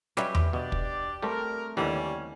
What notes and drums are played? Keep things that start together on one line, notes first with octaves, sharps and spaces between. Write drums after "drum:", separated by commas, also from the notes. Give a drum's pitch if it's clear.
F#3 G3 C#4 G4 B4 E5, drum: snare
drum: tom E2
B2 D4 G4 D5
drum: kick
G3 A3 C4 A#4
D#2 D3 E3 G3 C#4